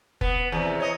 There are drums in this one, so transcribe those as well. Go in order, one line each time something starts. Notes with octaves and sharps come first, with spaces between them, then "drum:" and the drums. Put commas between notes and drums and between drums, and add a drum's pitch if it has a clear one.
B3, drum: kick F1
E2 C3
C#5 D#5